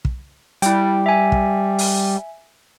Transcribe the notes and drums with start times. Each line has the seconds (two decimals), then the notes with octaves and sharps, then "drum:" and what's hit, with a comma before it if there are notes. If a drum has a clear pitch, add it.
0.05 drum: kick
0.62 G3 E4 G5, drum: hi-hat
1.06 E5 G#5
1.32 drum: kick
1.79 drum: open hi-hat